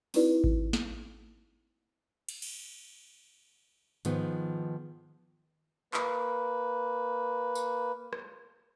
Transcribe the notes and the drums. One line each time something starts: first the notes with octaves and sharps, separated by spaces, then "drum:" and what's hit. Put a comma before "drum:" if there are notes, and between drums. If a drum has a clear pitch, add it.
C4 D#4 E4 F#4 B4 D5, drum: open hi-hat
drum: kick G#1
drum: snare
drum: cymbal
drum: cymbal
G#2 D#3 F3 B3, drum: hi-hat
A#3 B4, drum: clap
drum: tambourine
drum: rim click